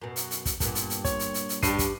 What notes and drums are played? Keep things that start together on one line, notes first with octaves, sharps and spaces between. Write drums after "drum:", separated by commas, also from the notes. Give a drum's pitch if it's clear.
F#2 B2
drum: hi-hat
drum: hi-hat
drum: kick, hi-hat
G2 A#2 B3, drum: kick, hi-hat
drum: hi-hat
drum: hi-hat
C#5, drum: kick, hi-hat
drum: hi-hat
drum: hi-hat
drum: hi-hat
G2 D4 G4 C7 D#7, drum: kick, hi-hat
drum: kick, hi-hat